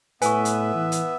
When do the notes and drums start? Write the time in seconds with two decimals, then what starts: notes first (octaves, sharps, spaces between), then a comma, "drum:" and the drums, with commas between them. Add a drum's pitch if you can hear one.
0.22 A2 B3 B4 E5 G#5 C#6, drum: hi-hat
0.45 drum: hi-hat
0.74 E3
0.92 drum: hi-hat